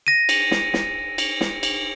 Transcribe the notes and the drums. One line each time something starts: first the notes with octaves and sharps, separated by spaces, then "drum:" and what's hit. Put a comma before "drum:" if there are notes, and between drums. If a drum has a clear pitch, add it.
A#6 D#7
drum: cymbal
drum: snare
drum: snare
drum: cymbal
drum: snare
drum: cymbal